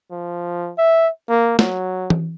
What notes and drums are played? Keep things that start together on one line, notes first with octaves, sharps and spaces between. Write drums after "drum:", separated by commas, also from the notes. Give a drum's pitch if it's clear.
F3
E5
A#3
F#3, drum: snare
drum: tom E3